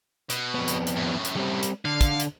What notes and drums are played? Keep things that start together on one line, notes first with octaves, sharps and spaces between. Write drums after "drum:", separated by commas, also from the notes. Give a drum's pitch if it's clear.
B2, drum: hi-hat
F2 B3
drum: hi-hat
drum: hi-hat
F#2 A2
drum: hi-hat
G3 C4
drum: hi-hat
D3 F5
drum: kick, hi-hat
drum: hi-hat